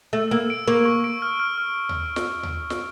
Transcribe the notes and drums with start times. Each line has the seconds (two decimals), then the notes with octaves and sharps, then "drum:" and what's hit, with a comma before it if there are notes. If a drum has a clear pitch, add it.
0.13 A3 E6
0.31 A#3 E6
0.50 D7
0.68 A#3 C#6
0.85 C#6
1.04 D7
1.22 F6
1.40 F6
1.58 F6
1.89 drum: tom D#2
2.16 drum: snare
2.43 drum: tom D#2
2.70 drum: snare